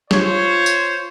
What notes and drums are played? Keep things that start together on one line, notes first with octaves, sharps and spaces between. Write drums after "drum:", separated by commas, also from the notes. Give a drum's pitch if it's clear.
F4 C5 C#5, drum: snare
drum: tambourine